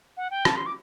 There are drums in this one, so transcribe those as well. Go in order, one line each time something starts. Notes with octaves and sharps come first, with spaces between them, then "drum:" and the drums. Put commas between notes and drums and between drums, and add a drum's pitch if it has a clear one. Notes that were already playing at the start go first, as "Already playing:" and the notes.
F#5
G5
A5, drum: rim click
C6
D6